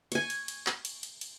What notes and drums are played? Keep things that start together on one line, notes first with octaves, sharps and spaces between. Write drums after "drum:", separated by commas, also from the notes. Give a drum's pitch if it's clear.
G#5 C#6, drum: cymbal
drum: cymbal
drum: cymbal
drum: clap
drum: cymbal
drum: cymbal
drum: cymbal